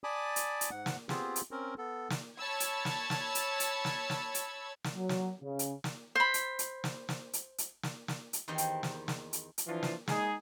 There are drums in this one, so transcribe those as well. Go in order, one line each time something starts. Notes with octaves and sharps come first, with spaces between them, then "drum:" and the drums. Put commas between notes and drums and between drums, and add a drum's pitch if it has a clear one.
D5 G#5 A5 B5 D6 D#6
drum: hi-hat
drum: hi-hat
G#2 F#5
drum: snare
B3 C4 F4 G4 G#4, drum: snare
drum: hi-hat
C4 C#4 A#4
B3 A4
drum: snare
C#5 A5 B5 E6 G#6
drum: hi-hat
drum: snare
drum: snare
drum: hi-hat
drum: hi-hat
drum: snare
drum: snare
drum: hi-hat
drum: snare
F#3
drum: snare
C#3
drum: hi-hat
drum: snare
C5 B5
drum: hi-hat
drum: hi-hat
drum: snare
drum: snare
drum: hi-hat
drum: hi-hat
drum: snare
drum: snare
drum: hi-hat
E2 D#3 G4 C5 D#5 F5
drum: hi-hat
drum: snare
drum: snare
drum: hi-hat
drum: hi-hat
E3 F3 D4 F4
drum: snare
G#3 D#4 G#4, drum: snare